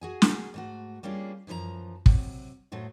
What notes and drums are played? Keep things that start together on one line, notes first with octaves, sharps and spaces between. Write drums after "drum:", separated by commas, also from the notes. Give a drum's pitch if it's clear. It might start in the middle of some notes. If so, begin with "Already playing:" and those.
F#4 G#4 G#5
drum: snare
G#2 A3 F#4
G3 A#3 C#4 D4 F4 G#4
F#2 E3 F3 A#4 A#5
C3 F#3, drum: kick
A2 F#3 A3 C5